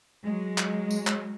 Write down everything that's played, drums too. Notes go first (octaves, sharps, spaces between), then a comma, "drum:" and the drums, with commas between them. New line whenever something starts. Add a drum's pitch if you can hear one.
F#3 G#3
drum: clap
drum: tambourine
drum: clap